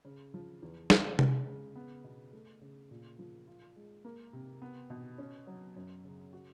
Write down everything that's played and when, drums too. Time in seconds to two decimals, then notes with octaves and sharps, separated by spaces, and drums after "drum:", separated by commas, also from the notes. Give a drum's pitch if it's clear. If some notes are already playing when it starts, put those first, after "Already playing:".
0.05 C#3
0.34 F3
0.62 E2
0.90 C#3, drum: snare
1.19 G#3, drum: tom C3
1.47 C#3
1.76 B3
2.04 B2
2.33 A3
2.61 C#3
2.91 A#2
3.19 F3
3.48 F4
3.76 G#3
4.05 A#3
4.33 C3
4.62 B3
4.90 B2
5.18 C#4
5.47 F#3
5.76 F#2
6.04 C#3
6.33 F#4